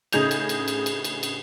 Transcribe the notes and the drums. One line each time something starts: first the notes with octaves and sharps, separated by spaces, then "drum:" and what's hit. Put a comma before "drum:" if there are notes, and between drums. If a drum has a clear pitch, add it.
A2 C#3 D#4 G#4 G6 F7, drum: cymbal
drum: cymbal
drum: cymbal
drum: cymbal
drum: cymbal
drum: cymbal
drum: cymbal